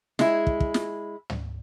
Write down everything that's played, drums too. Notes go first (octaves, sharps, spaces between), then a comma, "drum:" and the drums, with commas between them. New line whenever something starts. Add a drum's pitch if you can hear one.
G#3 E4, drum: snare
drum: kick
drum: kick
drum: snare
drum: tom